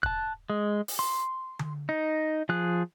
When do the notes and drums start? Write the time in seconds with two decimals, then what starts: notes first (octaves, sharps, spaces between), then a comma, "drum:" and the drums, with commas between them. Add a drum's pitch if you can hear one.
0.03 A5 F#6, drum: kick
0.50 G#3
0.88 drum: open hi-hat
0.99 C6
1.59 drum: tom D3
1.89 D#4
2.49 F3 G#4 F#6